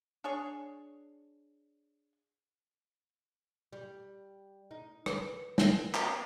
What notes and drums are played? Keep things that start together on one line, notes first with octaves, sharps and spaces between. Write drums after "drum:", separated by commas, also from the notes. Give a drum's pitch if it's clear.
D4 G#4 C#5 C#6
G3
D#4
B4, drum: rim click
drum: snare
drum: clap